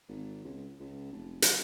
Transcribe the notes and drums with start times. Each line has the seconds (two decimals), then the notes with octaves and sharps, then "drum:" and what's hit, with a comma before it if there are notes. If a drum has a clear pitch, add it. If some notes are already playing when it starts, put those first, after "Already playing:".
0.08 G#1
0.44 C#2
0.80 C#2
1.12 F1
1.42 F#3, drum: hi-hat